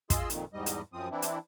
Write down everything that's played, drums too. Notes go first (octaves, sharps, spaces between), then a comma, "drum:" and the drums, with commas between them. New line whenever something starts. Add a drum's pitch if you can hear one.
F4 G#4 D#5 C6 E6, drum: kick, hi-hat
F2 A#2 D#3, drum: hi-hat
E2 G#2 G3 D#5
drum: hi-hat
F#2 F3 C4 D#6
E3 C4 D4 E4
drum: hi-hat